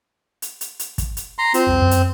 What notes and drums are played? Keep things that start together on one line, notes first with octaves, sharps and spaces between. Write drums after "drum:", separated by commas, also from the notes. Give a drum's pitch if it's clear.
drum: hi-hat
drum: hi-hat
drum: hi-hat
drum: kick, hi-hat
drum: hi-hat
A#5 C6
C4 F4, drum: hi-hat
C2 F2
F#2
drum: hi-hat